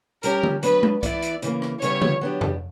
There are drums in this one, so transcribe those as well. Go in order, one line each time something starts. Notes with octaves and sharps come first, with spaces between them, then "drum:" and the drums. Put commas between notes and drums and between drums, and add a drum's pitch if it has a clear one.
G3 C#4 G4 A#4, drum: hi-hat
drum: tom D3
F#3 B3 D4 B4, drum: hi-hat
drum: tom G#3
E3 B3 E4 D5, drum: kick C2, hi-hat
drum: hi-hat
C#3 E3 A#3, drum: hi-hat
drum: rim click
C#3 G3 B3 C#5, drum: hi-hat
drum: tom D3
F#3 B3 D4 G4
drum: tom